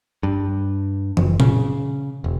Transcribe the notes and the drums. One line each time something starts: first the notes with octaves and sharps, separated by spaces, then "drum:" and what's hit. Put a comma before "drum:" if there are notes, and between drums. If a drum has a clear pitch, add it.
G2
F#1, drum: tom
C#3, drum: tom A#2
E1